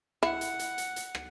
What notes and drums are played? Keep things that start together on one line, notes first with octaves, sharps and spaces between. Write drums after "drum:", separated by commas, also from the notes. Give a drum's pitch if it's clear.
E4 F#5, drum: rim click
drum: hi-hat
drum: hi-hat
drum: hi-hat
drum: hi-hat
drum: rim click